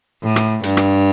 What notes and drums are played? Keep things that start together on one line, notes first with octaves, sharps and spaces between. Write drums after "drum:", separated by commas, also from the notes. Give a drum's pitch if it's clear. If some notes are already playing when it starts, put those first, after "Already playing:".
A2
drum: rim click
G2, drum: hi-hat
drum: rim click